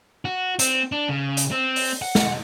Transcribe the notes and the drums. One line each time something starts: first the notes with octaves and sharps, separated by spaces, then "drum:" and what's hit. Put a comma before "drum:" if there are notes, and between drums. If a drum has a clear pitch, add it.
F#4
C4, drum: hi-hat
D4
C#3
drum: hi-hat
C4
drum: open hi-hat
F#5
drum: snare